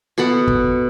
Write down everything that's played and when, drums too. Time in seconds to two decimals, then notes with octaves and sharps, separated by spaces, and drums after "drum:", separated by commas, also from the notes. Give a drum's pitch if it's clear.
0.18 B2 A4 B4 F#5
0.47 drum: kick